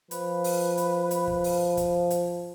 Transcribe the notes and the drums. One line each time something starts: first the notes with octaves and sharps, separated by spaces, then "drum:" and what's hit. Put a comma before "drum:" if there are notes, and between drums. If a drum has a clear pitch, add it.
F3 B4, drum: hi-hat
drum: open hi-hat
drum: hi-hat
drum: hi-hat
drum: kick
drum: open hi-hat
drum: kick, hi-hat
drum: hi-hat